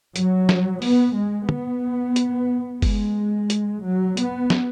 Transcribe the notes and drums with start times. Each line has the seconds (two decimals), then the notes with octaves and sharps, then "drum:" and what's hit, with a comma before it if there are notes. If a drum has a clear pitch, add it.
0.16 F#3, drum: hi-hat
0.49 drum: snare
0.82 B3, drum: open hi-hat
1.16 G#3
1.49 B3, drum: tom
2.16 drum: hi-hat
2.82 G#3, drum: kick F#1, open hi-hat
3.50 drum: hi-hat
3.83 F#3
4.17 B3, drum: hi-hat
4.50 drum: snare